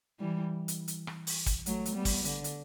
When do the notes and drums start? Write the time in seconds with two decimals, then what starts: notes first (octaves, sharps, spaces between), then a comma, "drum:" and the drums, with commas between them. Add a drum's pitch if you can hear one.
0.20 E3 G3
0.68 drum: hi-hat
0.88 drum: hi-hat
1.07 drum: rim click
1.27 drum: open hi-hat
1.46 drum: kick, hi-hat
1.66 F#3 A3, drum: hi-hat
1.85 drum: hi-hat
1.95 G3 B3
2.05 drum: kick, open hi-hat
2.25 D3, drum: hi-hat
2.44 drum: hi-hat